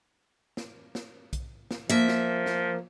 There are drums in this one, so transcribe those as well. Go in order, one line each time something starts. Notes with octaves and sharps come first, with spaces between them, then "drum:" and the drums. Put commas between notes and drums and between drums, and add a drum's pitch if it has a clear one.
drum: snare
drum: snare
drum: kick B1, hi-hat
drum: snare
F3 A#3 E5
drum: snare
drum: snare